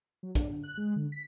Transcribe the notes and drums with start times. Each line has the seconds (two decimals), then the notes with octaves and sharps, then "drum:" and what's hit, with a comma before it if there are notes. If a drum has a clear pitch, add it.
0.23 F#3
0.35 D4, drum: kick, hi-hat
0.50 D3
0.63 F#6
0.77 G#3
0.96 D3
1.12 B6